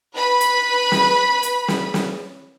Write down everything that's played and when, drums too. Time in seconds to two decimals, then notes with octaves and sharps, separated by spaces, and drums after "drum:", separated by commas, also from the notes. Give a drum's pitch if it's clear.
0.15 B4 B5
0.40 drum: hi-hat
0.92 drum: snare
1.43 drum: hi-hat
1.68 drum: snare
1.94 drum: snare